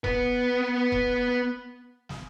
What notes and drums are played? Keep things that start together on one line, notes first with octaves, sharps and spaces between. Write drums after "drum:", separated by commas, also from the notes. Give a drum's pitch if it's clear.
B3 B4, drum: kick E1
drum: kick E1
drum: snare